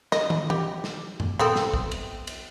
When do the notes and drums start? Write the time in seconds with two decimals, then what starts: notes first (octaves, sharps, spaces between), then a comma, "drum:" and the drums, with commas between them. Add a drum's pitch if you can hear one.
0.12 D#5, drum: snare
0.30 drum: tom
0.50 G4, drum: tom
0.84 drum: snare
1.20 drum: tom
1.39 B3 C4 A4, drum: tom
1.56 drum: snare
1.74 drum: kick
1.91 drum: cymbal
2.27 drum: cymbal